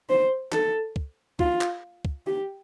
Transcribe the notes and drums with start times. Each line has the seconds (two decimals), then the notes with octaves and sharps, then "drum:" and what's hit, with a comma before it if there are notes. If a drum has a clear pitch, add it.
0.09 C5
0.52 A4, drum: clap
0.96 drum: kick
1.39 F4, drum: kick
1.61 drum: clap
2.05 drum: kick
2.27 G4